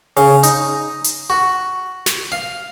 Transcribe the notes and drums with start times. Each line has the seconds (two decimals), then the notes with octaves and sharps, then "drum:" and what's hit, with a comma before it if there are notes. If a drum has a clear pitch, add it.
0.17 C#3, drum: open hi-hat
0.43 D#4, drum: hi-hat
1.04 drum: hi-hat
1.30 F#4
2.06 drum: snare
2.32 F5